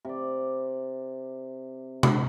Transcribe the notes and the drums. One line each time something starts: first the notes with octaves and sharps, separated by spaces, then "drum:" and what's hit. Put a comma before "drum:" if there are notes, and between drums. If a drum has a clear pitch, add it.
C3 D5
drum: tom